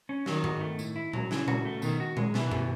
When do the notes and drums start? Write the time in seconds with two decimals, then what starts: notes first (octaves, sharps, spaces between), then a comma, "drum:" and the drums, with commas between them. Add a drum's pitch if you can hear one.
0.09 C#4
0.26 D#3 F#3, drum: snare
0.44 F#4, drum: tom G2
0.61 A3
0.79 A2, drum: tambourine
0.96 E4
1.13 F#3, drum: tom A#2
1.31 C#3 E3, drum: snare
1.48 F#4, drum: tom A#2
1.65 A3
1.82 B2 D#3, drum: tambourine
2.00 F#4
2.17 G#3, drum: tom A#2
2.34 B2 E3, drum: snare
2.51 B2, drum: tom F#2